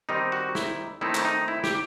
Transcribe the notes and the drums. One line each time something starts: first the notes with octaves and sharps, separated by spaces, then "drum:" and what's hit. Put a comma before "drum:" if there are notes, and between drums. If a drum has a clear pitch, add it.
D#3 G3 C4 D#4
F#4
E4, drum: snare
D#3 A3 C4 D#4 E4
drum: clap
D#4
E4
G4, drum: snare